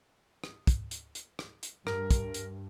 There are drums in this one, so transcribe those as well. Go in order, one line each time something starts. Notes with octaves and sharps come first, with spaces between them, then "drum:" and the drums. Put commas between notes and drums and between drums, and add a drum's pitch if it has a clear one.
drum: rim click
drum: kick, hi-hat
drum: hi-hat
drum: hi-hat
drum: rim click
drum: hi-hat
G2 A#4, drum: rim click
drum: kick, hi-hat
drum: hi-hat